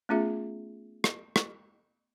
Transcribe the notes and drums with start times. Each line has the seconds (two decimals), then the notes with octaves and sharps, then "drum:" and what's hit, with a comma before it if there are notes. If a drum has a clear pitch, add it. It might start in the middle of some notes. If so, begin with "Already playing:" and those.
0.09 A3 B3 C#4 F4 G#4 E5
1.04 drum: rim click
1.36 drum: rim click